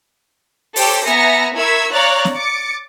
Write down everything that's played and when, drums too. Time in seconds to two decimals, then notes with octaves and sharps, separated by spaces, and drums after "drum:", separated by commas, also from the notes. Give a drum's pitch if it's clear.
0.76 G4 A4 C5 C#5 G5 D6, drum: open hi-hat
1.06 B3 E5 G#5 A#5 A#6 C#7
1.55 E4 A#4 C#6 E6 G#6 B6
1.92 C#5 D5 F5 A#5 F#6 A6
2.25 drum: snare
2.35 D6 A6 C#7